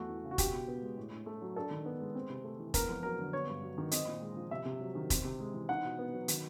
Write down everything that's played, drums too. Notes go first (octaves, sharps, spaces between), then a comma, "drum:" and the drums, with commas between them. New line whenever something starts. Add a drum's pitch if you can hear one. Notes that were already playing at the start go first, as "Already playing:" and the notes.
Already playing: E2 A3 F#4
E3
C#3
F#4
B2 G4, drum: kick F1, hi-hat
B2
B3
G#3
A2
A2
A3
F#3
D4 A4
D#3
B3
G#3
C4
C3
A3
E3
B3 A#4, drum: kick F1, hi-hat
F2
F#3 A#4
D3
B3 C#5
G2
F#3
D#3
C4 D#5, drum: hi-hat
A#2
G#3
F3
C3 E5
C3
F#3
D#3
C4, drum: kick F1, hi-hat
C3
G#3
E3
D#4 F#5
B2
B3
F#3
D#3, drum: hi-hat